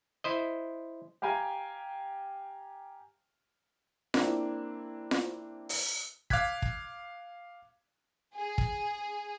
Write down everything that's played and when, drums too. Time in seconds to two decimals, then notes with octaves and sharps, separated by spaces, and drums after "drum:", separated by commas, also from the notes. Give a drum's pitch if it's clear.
0.24 E4 C5 D#5
1.22 G4 F5 G5 G#5 A#5
4.14 A#3 C4 D4 E4, drum: snare F4
5.11 drum: snare F4
5.69 drum: open hi-hat
6.30 F5 D6 F#6 G#6 B6, drum: kick
6.62 drum: kick
8.36 G#4
8.58 drum: kick